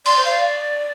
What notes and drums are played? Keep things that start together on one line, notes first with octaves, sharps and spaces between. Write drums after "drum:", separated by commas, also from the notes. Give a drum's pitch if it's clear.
D5 C6, drum: cymbal
C5
D5 F5